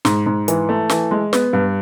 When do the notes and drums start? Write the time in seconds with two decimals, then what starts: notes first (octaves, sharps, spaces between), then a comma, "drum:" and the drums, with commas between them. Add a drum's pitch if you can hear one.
0.05 G#2, drum: snare
0.26 G#2
0.48 E3, drum: hi-hat
0.69 A3
0.89 E3, drum: snare
1.11 G#3
1.33 B3, drum: snare
1.53 G2